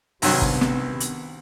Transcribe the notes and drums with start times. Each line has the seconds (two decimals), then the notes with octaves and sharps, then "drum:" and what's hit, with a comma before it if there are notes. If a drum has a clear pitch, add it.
0.22 C2 G2 C3 D#3 F#3 B3, drum: open hi-hat
0.42 drum: kick G#1
0.61 drum: snare
1.00 drum: hi-hat